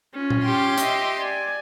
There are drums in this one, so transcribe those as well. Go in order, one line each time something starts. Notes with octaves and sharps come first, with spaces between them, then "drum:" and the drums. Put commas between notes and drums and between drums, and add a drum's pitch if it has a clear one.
C#4 F4
drum: tom A#2
G4 C6
D#5 E5, drum: hi-hat
D5 G#5